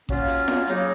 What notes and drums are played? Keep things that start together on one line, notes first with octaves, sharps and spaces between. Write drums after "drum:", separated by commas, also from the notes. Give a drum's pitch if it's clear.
F#3 A#3 C#4 F4, drum: kick A1
drum: hi-hat
drum: snare
C#3 F#3 A#3 D#4, drum: hi-hat